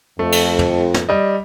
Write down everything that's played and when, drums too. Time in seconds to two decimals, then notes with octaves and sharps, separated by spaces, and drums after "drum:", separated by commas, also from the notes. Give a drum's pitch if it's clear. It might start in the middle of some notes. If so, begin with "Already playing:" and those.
0.19 F2 A3
0.32 drum: cymbal
0.59 drum: tom
0.94 drum: snare
1.09 G3 D#5